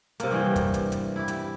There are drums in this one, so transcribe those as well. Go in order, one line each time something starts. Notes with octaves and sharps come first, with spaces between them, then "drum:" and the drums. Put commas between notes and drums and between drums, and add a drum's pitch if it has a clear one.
C3 A#3, drum: hi-hat
G2 E3 G5
drum: kick, hi-hat
drum: hi-hat
drum: hi-hat
E4 G4
drum: hi-hat